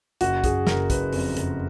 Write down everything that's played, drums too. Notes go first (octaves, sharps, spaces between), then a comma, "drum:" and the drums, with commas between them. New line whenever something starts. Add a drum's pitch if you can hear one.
F#1 F#4, drum: hi-hat
F#1 G#4, drum: kick, hi-hat
F#1 A#4, drum: snare
F#1 B4, drum: kick, hi-hat
F2, drum: open hi-hat
F#1, drum: hi-hat